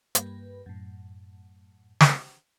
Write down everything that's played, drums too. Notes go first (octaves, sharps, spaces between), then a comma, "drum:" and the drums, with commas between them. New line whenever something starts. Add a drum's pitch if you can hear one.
G2 G3 A#3 B4, drum: hi-hat
F#2 A2
drum: snare